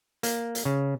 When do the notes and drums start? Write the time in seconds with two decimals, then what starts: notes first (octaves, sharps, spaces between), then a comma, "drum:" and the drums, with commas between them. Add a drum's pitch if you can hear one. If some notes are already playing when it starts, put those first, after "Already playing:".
0.23 A#3, drum: hi-hat
0.55 drum: hi-hat
0.65 C#3